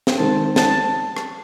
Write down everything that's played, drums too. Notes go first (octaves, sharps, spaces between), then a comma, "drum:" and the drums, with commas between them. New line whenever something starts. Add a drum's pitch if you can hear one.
drum: snare
D#3 G#3 C4 A5
A5, drum: snare
drum: rim click